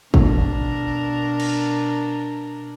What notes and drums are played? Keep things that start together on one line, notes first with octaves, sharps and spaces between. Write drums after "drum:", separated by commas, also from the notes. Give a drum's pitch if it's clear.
B2 D4 A#4, drum: kick
drum: cymbal